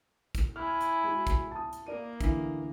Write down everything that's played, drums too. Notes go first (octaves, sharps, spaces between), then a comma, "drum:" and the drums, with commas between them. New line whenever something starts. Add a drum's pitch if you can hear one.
drum: kick, hi-hat
E4 G#5 F6
drum: hi-hat
G#3 F#4
drum: kick, hi-hat
A5 D#6
drum: hi-hat
A#3 A#4 D5 D#7
D3 E3, drum: kick, hi-hat